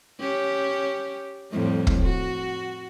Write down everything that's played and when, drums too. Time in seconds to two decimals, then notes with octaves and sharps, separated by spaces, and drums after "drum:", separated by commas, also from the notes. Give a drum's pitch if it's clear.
0.20 C#4 G4
1.51 F2 A2 G3
1.87 drum: kick
2.02 F#4